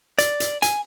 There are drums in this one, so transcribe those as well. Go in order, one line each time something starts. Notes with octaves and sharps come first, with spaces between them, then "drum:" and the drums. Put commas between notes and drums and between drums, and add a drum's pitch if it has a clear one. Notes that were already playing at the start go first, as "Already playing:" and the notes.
D5, drum: hi-hat
drum: hi-hat
G#5, drum: hi-hat